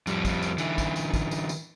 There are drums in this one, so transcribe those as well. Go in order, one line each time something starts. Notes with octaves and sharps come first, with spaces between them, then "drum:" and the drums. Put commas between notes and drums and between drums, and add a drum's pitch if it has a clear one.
F2 G3, drum: tambourine
drum: kick, tambourine
drum: tambourine
D3 E3, drum: tambourine
drum: kick, tambourine
drum: tambourine
drum: kick, tambourine
drum: tambourine
drum: tambourine